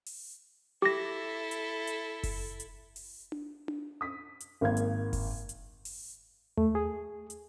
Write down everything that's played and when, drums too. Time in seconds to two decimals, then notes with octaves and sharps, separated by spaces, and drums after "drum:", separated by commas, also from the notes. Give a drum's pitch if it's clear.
0.06 drum: open hi-hat
0.82 E4 G4 A4 A#6
1.51 drum: hi-hat
1.87 drum: hi-hat
2.23 drum: kick F#1, open hi-hat
2.60 drum: hi-hat
2.96 drum: open hi-hat
3.32 drum: tom D4
3.68 drum: tom D4
4.01 D#6 B6
4.40 drum: hi-hat
4.61 G#1 A#3 F5 G#6
4.77 drum: hi-hat
5.13 drum: kick F#1, open hi-hat
5.49 drum: hi-hat
5.85 drum: open hi-hat
6.57 A3, drum: tom D#2
6.75 G#4
7.30 drum: hi-hat